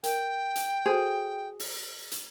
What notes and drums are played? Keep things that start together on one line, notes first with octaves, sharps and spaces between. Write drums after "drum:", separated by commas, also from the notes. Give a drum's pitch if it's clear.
A#4 G5, drum: hi-hat
drum: hi-hat
F#4 G#4 A4 C5
drum: open hi-hat
drum: hi-hat